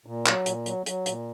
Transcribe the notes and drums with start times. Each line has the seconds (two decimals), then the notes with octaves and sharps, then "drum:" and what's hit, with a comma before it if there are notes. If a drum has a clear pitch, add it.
0.06 A#2
0.26 F#3, drum: clap
0.46 A#2, drum: hi-hat
0.66 F#3, drum: hi-hat
0.86 F#3, drum: hi-hat
1.06 A#2, drum: hi-hat